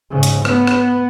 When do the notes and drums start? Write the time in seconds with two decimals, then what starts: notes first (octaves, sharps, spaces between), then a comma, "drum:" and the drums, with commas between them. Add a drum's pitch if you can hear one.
0.10 G#2 C#3
0.23 drum: hi-hat
0.45 B3, drum: rim click
0.67 drum: rim click